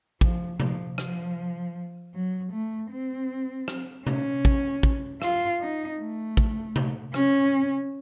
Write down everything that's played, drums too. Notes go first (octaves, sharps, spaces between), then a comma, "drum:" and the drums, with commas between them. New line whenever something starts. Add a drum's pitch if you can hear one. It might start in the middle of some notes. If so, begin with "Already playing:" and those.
F3, drum: kick
F3, drum: tom C3
F3, drum: rim click
F#3
A3
C4
drum: rim click
C#4, drum: tom C3
drum: kick
drum: kick
F4, drum: rim click
D#4
A3
drum: kick
drum: tom C3
C#4, drum: rim click